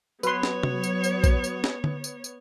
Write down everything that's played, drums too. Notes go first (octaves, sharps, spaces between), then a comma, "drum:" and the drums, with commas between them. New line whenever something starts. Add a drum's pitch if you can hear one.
F#3 B3 B4 C#5 C6, drum: tambourine
drum: snare
drum: tom C3
drum: tambourine
drum: tambourine
drum: kick, tambourine
drum: tambourine
drum: snare
drum: tom D3
drum: tambourine
drum: tambourine